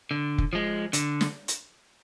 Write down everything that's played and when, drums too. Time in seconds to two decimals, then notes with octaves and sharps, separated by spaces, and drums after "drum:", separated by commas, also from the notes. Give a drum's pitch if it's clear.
0.11 D3
0.38 drum: kick F1
0.53 F3 G#3
0.93 D3, drum: hi-hat
1.21 drum: snare
1.48 drum: hi-hat